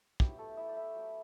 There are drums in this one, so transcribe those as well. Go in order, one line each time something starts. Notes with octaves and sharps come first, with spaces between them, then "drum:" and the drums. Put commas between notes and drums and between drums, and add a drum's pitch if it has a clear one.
F#3 B3 E4 G4, drum: kick
A3 A4
E4 E5
D5
E4 E5
F#3 B3 E4